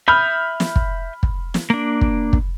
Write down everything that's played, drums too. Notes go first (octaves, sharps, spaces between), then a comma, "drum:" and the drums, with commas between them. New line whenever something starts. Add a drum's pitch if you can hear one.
E5 B5 D#6 F6 G6
drum: snare
drum: kick
drum: kick
drum: snare
A#3 D4
drum: kick
drum: kick